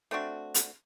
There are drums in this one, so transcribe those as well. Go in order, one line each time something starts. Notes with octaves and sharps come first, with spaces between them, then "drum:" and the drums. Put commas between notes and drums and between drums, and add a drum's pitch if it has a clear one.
A3 C4 D4 F#4
drum: hi-hat